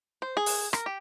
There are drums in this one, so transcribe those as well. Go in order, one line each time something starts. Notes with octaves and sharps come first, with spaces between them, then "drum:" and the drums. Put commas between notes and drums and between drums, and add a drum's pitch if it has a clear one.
C5
G#4
drum: open hi-hat
A#4, drum: rim click
G4